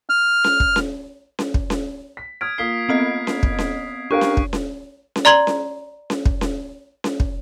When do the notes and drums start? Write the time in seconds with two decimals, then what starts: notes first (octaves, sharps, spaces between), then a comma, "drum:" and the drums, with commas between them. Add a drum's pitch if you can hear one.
0.09 F6
0.44 drum: snare C#4
0.60 drum: kick
0.76 drum: snare C#4
1.39 drum: snare C#4
1.54 drum: kick
1.70 drum: snare C#4
2.17 B6
2.41 D#6 F6 G#6 B6 D7
2.58 A#3 F4 D#6 B6 C7 G7
2.89 B3 C4 D#5 C7
3.27 drum: snare C#4
3.43 drum: kick
3.58 drum: snare C#4
4.11 D4 G4 A#4 F5 C#6 F#6 D7
4.21 drum: snare C#4
4.37 drum: kick
4.53 drum: snare C#4
5.16 drum: snare C#4
5.25 D5 A#5 C6 G#6 F#7
5.47 drum: snare C#4
6.10 drum: snare C#4
6.25 drum: kick
6.41 drum: snare C#4
7.04 drum: snare C#4
7.20 drum: kick